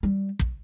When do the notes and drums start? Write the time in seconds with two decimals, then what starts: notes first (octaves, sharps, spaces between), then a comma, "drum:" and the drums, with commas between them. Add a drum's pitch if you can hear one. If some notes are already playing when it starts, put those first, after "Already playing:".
0.03 G3
0.39 drum: kick